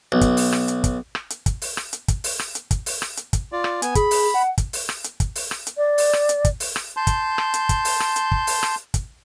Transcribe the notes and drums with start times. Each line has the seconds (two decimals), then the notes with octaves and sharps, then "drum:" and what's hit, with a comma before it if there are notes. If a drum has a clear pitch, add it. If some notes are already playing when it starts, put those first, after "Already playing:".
0.12 B1
0.21 drum: kick, hi-hat
0.37 drum: open hi-hat
0.53 drum: rim click
0.68 drum: hi-hat
0.84 drum: kick, hi-hat
1.15 drum: rim click
1.30 drum: hi-hat
1.46 drum: kick, hi-hat
1.62 drum: open hi-hat
1.77 drum: rim click
1.93 drum: hi-hat
2.08 drum: kick, hi-hat
2.24 drum: open hi-hat
2.39 drum: rim click
2.55 drum: hi-hat
2.71 drum: kick, hi-hat
2.86 drum: open hi-hat
3.02 drum: rim click
3.17 drum: hi-hat
3.33 drum: kick, hi-hat
3.52 F4 D5
3.64 drum: rim click
3.82 B3 G#5, drum: hi-hat
3.95 G#4 B5, drum: kick, hi-hat
4.11 drum: open hi-hat
4.34 F#5
4.58 drum: kick, hi-hat
4.73 drum: open hi-hat
4.89 drum: rim click
5.04 drum: hi-hat
5.20 drum: kick, hi-hat
5.35 drum: open hi-hat
5.51 drum: rim click
5.67 drum: hi-hat
5.77 D5
5.98 drum: open hi-hat
6.13 drum: rim click
6.29 drum: hi-hat
6.45 drum: kick, hi-hat
6.60 drum: open hi-hat
6.76 drum: rim click
6.97 A5 C6 G6
7.07 drum: kick, hi-hat
7.38 drum: rim click
7.54 drum: hi-hat
7.69 drum: kick, hi-hat
7.85 drum: open hi-hat
8.00 drum: rim click
8.16 drum: hi-hat
8.31 drum: kick
8.47 drum: open hi-hat
8.63 drum: rim click
8.94 drum: kick, hi-hat